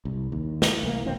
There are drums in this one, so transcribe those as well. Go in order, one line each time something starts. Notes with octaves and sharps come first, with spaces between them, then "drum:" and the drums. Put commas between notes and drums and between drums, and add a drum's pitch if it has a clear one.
C2
D#2
drum: snare
C2 E3 F#3 A#3
F1 B2 D#3 C4